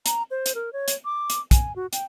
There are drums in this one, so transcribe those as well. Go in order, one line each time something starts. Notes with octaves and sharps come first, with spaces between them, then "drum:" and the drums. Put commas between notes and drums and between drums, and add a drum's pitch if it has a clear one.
A#5, drum: hi-hat
C5
drum: hi-hat
A#4
C#5
drum: hi-hat
D6
drum: hi-hat
G#5, drum: kick, hi-hat
F#4
G5, drum: hi-hat